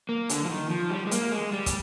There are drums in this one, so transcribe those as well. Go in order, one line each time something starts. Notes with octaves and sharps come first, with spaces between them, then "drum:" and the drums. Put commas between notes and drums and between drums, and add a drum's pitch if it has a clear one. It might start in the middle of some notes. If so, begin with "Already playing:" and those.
A#3
D3, drum: hi-hat
F3
D#3
F3
G3
G#3
A#3, drum: hi-hat
G#3
G3
drum: kick, hi-hat